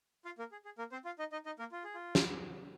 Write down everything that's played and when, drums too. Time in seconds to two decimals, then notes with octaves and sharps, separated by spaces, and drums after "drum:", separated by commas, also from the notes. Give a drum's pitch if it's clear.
0.25 F4 F5
0.39 A#3 A#4
0.52 G#4
0.65 G#4
0.78 A#3 A#4
0.92 C4 C5
1.05 F4 F5
1.19 D#4 D#5
1.32 D#4 D#5
1.46 D#4 D#5
1.59 A#3 A#4
1.72 F4
1.84 G#4
1.95 F4
2.15 drum: snare